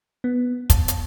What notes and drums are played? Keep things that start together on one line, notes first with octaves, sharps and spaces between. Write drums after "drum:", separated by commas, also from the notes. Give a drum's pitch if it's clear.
B3
A5, drum: kick, hi-hat
drum: hi-hat